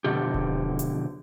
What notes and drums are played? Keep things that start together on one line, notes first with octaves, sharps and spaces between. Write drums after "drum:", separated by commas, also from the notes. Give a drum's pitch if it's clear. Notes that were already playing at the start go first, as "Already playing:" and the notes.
F2 B2 D3 G4
drum: kick D#1
drum: hi-hat